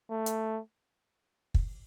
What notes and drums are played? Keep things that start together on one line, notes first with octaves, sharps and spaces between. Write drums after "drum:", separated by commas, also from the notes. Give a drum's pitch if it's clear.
A3
drum: hi-hat
drum: kick